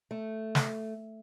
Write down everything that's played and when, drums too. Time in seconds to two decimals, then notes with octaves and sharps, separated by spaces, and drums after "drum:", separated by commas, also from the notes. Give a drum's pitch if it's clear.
0.11 A3
0.55 drum: snare